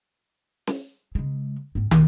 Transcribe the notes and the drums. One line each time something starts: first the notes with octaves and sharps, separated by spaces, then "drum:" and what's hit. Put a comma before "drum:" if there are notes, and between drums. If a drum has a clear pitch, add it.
drum: snare
C#3 G#3
G#2 C4
B1, drum: tom